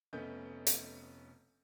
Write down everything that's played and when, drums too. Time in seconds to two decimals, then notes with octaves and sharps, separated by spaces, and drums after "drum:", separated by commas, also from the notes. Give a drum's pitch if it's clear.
0.13 F1 A3 B3 C#4 D#5 G6
0.67 drum: hi-hat